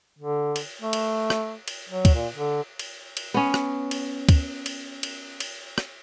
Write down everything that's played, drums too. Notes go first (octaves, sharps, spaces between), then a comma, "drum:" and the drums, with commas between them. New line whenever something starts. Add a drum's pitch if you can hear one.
D3
drum: cymbal
A3
drum: cymbal
drum: rim click
drum: cymbal
F#3
drum: kick, cymbal
A#2
D3
drum: cymbal
drum: cymbal
B3 C#4
drum: rim click
drum: cymbal
drum: kick, cymbal
drum: cymbal
drum: cymbal
drum: cymbal
drum: rim click